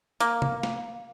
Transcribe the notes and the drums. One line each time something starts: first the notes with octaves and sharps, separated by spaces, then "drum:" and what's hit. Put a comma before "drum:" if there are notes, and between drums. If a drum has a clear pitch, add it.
A#3, drum: hi-hat
drum: tom C3
drum: snare